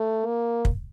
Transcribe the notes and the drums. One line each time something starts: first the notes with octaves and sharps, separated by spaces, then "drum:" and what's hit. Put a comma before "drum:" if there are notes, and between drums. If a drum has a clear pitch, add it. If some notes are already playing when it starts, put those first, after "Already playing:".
Already playing: A3
A#3
drum: kick